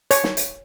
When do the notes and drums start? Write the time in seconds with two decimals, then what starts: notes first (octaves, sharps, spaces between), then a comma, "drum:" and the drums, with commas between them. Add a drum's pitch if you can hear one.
0.11 C#5, drum: hi-hat
0.24 drum: snare
0.37 drum: hi-hat